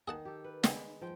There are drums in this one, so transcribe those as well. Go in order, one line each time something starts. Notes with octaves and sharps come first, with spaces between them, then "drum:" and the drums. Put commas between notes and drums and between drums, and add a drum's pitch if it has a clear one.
D#3 G#4 F#5 A5
G4 A4
B4
C#3 G#3 B3 C4, drum: snare
F3 F4 G5